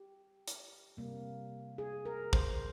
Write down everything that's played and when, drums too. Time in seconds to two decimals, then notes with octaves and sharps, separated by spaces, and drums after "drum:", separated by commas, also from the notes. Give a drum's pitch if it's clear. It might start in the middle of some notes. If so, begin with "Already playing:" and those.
Already playing: G4
0.47 drum: hi-hat
0.97 C3 G3 A#3
1.78 G#4
2.05 A#4
2.33 C5, drum: kick